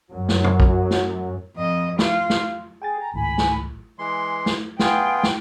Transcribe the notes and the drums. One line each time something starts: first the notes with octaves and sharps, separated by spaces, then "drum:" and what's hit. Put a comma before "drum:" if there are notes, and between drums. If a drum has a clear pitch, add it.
F#2 F#3
drum: snare
drum: tom B2
drum: kick A#1
drum: snare
F2 D#5
F4, drum: snare
drum: snare
G#4 G5 G#5 A6
A#5
G#1 C#2 A2 G#5 B5
drum: snare
E3 G#3 C6
drum: snare
B3 F4 G#4 G5, drum: snare
drum: snare